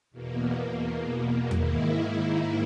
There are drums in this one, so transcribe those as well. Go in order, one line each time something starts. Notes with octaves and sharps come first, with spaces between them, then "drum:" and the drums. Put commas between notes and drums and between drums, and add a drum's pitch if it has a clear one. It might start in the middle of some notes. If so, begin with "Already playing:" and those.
E2 B2 A#3
G#2 D#3 A#3 E4, drum: tom E2